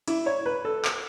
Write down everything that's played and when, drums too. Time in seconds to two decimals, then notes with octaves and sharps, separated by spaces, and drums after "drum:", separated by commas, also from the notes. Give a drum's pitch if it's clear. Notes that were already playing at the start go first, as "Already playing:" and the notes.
0.08 E4, drum: cymbal
0.26 C#5
0.46 B4
0.65 A4
0.85 drum: clap